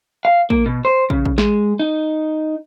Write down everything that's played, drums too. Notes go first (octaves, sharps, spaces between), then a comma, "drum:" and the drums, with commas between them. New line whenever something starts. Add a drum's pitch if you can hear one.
F5
A#3, drum: kick
B2
C5
C#3, drum: kick
drum: kick
G#3, drum: snare
D#4